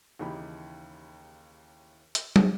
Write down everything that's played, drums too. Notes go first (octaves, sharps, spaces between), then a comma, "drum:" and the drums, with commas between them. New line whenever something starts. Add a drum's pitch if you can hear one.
D#2 C#3 E3 D#4 G4 B5
drum: hi-hat
drum: tom